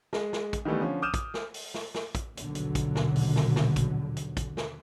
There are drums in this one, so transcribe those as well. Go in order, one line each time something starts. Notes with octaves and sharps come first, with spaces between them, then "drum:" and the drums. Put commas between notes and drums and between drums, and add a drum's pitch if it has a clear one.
G#3, drum: snare
drum: snare
drum: kick, hi-hat
D#3 E3 G3 A3 B3
D3 F3 C#4
D6 D#6 F6 G6 D#7 E7
drum: kick, hi-hat
drum: snare
drum: open hi-hat
drum: snare
drum: snare
drum: kick, hi-hat
A#1 D#2 B2 D3 F#3, drum: hi-hat
drum: hi-hat
drum: kick, hi-hat
drum: snare
drum: open hi-hat
drum: snare
drum: snare
drum: kick, hi-hat
drum: hi-hat
drum: kick, hi-hat
drum: snare